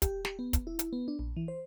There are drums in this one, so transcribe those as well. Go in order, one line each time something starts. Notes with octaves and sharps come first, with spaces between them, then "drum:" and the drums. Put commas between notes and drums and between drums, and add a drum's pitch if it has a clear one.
G4, drum: kick, hi-hat
G4, drum: snare
B3
drum: kick, hi-hat
E4
drum: hi-hat
B3
D4
A#1
E3
C5